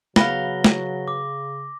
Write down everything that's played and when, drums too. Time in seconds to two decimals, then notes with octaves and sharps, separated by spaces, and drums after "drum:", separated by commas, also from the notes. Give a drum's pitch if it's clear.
0.16 C#3 F#3 B3 F5 A#6 G7, drum: snare
0.64 drum: snare
1.08 D6